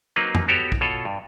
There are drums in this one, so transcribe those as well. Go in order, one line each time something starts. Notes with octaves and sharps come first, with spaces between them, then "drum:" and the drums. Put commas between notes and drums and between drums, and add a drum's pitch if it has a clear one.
F#3 A#3 C4 D#4 B4
drum: tom F2
B3 F#4 G4 A4 C#5
drum: kick
B2 F4 A4 C#5
G2